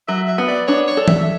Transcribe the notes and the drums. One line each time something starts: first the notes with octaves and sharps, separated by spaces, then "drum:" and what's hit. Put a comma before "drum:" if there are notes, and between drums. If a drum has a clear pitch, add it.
F#3 E5
E5
B3
D5
D4 C#5
C#5
A4
E5, drum: tom E3